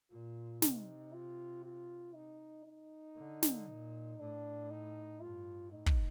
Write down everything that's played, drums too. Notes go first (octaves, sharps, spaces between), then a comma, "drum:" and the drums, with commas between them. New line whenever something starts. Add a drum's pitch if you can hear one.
A#2 F4
C3 D#4, drum: snare
F4
F4
D#4
D#4
D3
drum: snare
A#2
A2 D4
D#4
G2 F4
A2 D#4
drum: kick